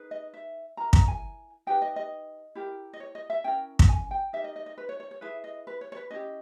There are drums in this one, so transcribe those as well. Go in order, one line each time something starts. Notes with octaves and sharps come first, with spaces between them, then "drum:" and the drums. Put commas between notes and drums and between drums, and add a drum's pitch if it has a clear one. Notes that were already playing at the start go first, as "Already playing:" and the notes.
Already playing: D#4 G#4 B4
D#5
E5
E4 A#4 A#5
A#5, drum: kick
G#5
D#4 G4 B4 G5
D#5
D#5
E4 G4 A#4
D#5
C#5
D#5
E5
C#4 E4 A#4 G5
drum: kick
G#5
G5
D#4 G4 A#4 E5
D#5
D#5
D#5
B4
C#5
C#5
C#5
E4 G#4 B4 E5
D#5
B4
C#5
C#5
B4
C#4 E4 G4 D#5